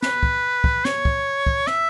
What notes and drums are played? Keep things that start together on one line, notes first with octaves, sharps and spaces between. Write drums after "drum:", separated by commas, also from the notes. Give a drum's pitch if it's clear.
B4, drum: snare
drum: kick
drum: kick
C#5, drum: snare
drum: kick
drum: kick
E5, drum: snare